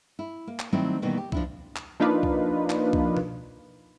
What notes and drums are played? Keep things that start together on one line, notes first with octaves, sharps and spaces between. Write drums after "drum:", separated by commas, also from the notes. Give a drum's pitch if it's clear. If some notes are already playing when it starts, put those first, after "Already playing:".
E4
A#3
drum: clap
D#3 F#3 G3 A3 C4 E4
B2 D#3 E3 G3 A#3
G4
F3 D4 E4, drum: kick C2
drum: clap
F3 A#3 D4 D#4 F4 B4
drum: kick C2
drum: clap
drum: kick C2
drum: tom B2